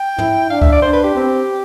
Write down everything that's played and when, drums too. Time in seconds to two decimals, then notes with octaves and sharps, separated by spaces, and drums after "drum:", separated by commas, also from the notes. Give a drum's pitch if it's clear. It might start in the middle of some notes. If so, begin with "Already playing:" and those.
Already playing: G5
0.18 E4, drum: tom
0.50 D4 F5
0.62 E5, drum: kick C#2
0.72 D5
0.82 D4 C5
0.93 B4
1.04 G4
1.15 C4